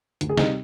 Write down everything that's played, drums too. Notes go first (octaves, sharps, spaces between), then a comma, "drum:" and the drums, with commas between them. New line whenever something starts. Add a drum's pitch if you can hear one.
D2, drum: hi-hat
G#4
C3 G3 D#4, drum: snare